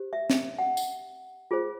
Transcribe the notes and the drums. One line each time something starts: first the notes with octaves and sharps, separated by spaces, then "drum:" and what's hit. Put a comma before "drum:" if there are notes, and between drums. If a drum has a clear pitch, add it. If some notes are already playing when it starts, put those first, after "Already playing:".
Already playing: G4 C5
E5
drum: snare
F#5
drum: tambourine
F4 G#4 C5